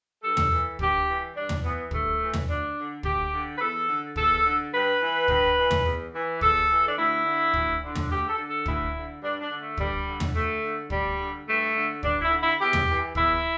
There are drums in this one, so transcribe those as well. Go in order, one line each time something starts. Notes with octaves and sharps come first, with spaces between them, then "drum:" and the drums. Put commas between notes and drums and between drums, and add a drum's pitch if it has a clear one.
G2 A4
drum: tom
E3
G2 G4, drum: kick
E3
G2 D4
drum: tom
E3 B3
G2 A3, drum: kick
E3
drum: tom
D2 D4
D3
D2 G4, drum: kick
D3
B4
E2 A4
D3
E2 A4, drum: kick
D3
G2 B4
E3
G2, drum: kick
E3
drum: tom
E2
E3
E2 A4, drum: kick
E3
D4
D2 E4
D3
D2, drum: kick
D3
drum: tom
D2 G4
A4
D3
A4
D2 E4, drum: kick
D3
G2 D4
D4
D3
A3
G2 G3, drum: kick
D3
drum: tom
D2 A3
D3
D2 G3, drum: kick
D3
G2 A3
D3
G2 D4, drum: kick
E4
D3
E4
E2 G4
drum: tom
E3
E2 E4, drum: kick